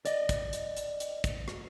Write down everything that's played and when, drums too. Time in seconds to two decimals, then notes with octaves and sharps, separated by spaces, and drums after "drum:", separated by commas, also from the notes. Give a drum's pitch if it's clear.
0.05 D5 D#5, drum: hi-hat
0.29 drum: kick, hi-hat
0.53 drum: hi-hat
0.77 drum: hi-hat
1.00 drum: hi-hat
1.24 drum: kick, hi-hat
1.48 drum: rim click